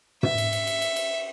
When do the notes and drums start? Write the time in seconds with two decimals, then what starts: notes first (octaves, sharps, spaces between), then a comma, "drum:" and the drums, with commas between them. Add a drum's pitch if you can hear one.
0.23 E5, drum: tom
0.38 drum: cymbal
0.52 drum: cymbal
0.67 drum: cymbal
0.82 drum: cymbal
0.96 drum: cymbal